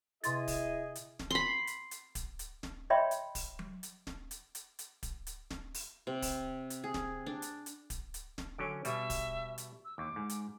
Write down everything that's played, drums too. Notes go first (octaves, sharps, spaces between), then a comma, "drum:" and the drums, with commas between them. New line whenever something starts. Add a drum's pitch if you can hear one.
C3 E4 G#4 D#5 C6 A6, drum: hi-hat
drum: kick D1, open hi-hat
drum: hi-hat
drum: snare
B5 C6
drum: hi-hat
drum: hi-hat
drum: kick D1, hi-hat
drum: hi-hat
drum: snare
C#5 D#5 E5 G5 B5 C6
drum: hi-hat
drum: kick D1, open hi-hat
drum: tom F#3
drum: hi-hat
drum: snare
drum: hi-hat
drum: hi-hat
drum: hi-hat
drum: kick D1, hi-hat
drum: hi-hat
drum: snare
drum: open hi-hat
C3
drum: kick D1, open hi-hat
drum: hi-hat
G#4
drum: snare
D4
drum: hi-hat
drum: hi-hat
drum: kick D1, hi-hat
drum: hi-hat
drum: snare
D3 F#3 C#4 D7
B2 G3 E5, drum: hi-hat
drum: kick D1, open hi-hat
drum: hi-hat
E6
D#2 D6
G#2
drum: hi-hat